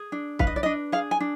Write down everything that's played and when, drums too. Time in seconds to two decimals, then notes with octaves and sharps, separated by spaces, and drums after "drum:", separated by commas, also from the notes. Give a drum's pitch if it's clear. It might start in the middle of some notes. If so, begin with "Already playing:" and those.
Already playing: G#4
0.12 D4
0.39 B4 F5, drum: kick
0.47 D#5
0.56 D5
0.63 D4 D#5
0.92 G#4 F5
1.11 G#5
1.20 D4